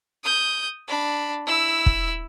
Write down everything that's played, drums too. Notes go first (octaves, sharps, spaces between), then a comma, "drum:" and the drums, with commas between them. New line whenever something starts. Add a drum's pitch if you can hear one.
D#6 G6
D4 B5
E4 E6
drum: kick